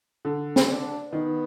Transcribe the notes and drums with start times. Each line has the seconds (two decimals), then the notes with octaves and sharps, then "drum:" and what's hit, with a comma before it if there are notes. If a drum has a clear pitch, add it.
0.25 D3
0.56 drum: snare
0.68 D4
1.12 D#3 B3